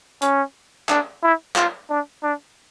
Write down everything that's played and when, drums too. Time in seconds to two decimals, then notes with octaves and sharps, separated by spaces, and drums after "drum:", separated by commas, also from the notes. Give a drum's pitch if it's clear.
0.22 C#4, drum: hi-hat
0.89 D4, drum: clap
1.23 E4
1.56 F4, drum: clap
1.90 D4
2.23 D4